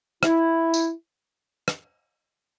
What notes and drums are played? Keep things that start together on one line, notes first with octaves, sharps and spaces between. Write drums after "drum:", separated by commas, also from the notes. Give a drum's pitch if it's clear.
E4, drum: rim click
drum: tambourine
drum: rim click